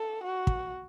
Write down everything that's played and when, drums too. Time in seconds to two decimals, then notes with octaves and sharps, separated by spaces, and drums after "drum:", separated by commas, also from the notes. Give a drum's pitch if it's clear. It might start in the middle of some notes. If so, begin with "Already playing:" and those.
Already playing: A4
0.24 F#4
0.47 drum: kick